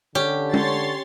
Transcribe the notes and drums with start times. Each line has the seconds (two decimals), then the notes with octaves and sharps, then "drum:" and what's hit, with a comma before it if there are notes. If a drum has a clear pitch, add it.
0.15 D3 C#4 G4
0.54 C#5 C6 A6, drum: tom G#3